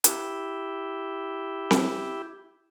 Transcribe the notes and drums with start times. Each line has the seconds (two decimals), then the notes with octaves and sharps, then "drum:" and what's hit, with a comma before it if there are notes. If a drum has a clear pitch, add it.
0.04 E4 G4, drum: hi-hat
1.71 drum: snare C4